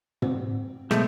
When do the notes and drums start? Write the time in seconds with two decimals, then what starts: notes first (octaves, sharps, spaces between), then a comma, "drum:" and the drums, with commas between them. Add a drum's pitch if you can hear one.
0.22 C4, drum: tom
0.91 B1 G#3 A3 G6, drum: rim click